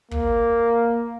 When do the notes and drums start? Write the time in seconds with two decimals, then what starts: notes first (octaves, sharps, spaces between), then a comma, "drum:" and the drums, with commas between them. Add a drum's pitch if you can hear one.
0.11 A#3, drum: kick